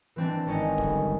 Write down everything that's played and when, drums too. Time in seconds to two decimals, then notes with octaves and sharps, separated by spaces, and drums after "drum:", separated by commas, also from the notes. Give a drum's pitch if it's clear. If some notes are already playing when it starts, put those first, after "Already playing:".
0.16 E3 C4 D4
0.46 G#1 C#4 D#4
0.78 G1, drum: kick